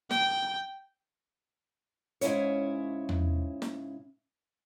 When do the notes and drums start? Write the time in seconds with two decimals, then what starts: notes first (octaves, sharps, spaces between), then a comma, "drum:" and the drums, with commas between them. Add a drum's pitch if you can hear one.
0.11 G5, drum: snare
2.21 G#2 C#3 C#4 E4 C#5, drum: hi-hat
3.09 drum: tom E2
3.62 drum: snare